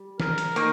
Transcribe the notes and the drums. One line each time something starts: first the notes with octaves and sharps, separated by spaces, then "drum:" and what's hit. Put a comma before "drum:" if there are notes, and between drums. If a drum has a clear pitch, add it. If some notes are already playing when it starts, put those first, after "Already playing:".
Already playing: G3
A#4, drum: snare
drum: hi-hat
D#3 A#3 D#4, drum: hi-hat